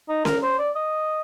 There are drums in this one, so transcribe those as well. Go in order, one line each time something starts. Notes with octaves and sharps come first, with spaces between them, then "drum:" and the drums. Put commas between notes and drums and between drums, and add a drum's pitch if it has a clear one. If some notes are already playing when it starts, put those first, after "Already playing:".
D#4
A#4, drum: snare C#4
C5
D5
D#5